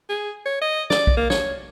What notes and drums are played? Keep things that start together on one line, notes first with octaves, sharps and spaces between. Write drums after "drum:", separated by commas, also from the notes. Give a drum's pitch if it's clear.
G#4
C#5
D#5
D5, drum: snare
drum: kick
A#3
C#5, drum: snare